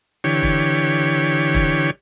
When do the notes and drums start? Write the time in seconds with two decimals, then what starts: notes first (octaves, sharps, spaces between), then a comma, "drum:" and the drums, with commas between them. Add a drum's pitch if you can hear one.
0.24 D3 E3 G4 C#5
0.43 drum: kick E1
1.54 drum: kick E1